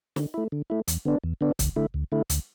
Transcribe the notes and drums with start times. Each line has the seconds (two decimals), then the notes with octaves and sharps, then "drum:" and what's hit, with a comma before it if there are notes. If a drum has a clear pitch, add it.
0.16 D3, drum: snare
0.34 A3 E4
0.52 D3
0.70 A3 E4
0.88 E2, drum: hi-hat
1.05 D3 B3 D4
1.24 E2
1.41 D3 B3 D4
1.59 D2, drum: kick, hi-hat
1.76 D3 A3 E4
1.94 D2
2.12 D3 A3 E4
2.30 D2, drum: hi-hat